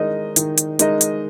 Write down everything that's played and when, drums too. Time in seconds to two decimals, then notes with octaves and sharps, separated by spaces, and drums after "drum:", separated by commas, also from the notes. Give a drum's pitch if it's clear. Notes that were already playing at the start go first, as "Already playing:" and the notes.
Already playing: D#3 G#3 D#4 A#4 D#5
0.36 D#3, drum: hi-hat
0.58 drum: hi-hat
0.79 G#3 D#4 A#4 D#5, drum: hi-hat
1.01 drum: hi-hat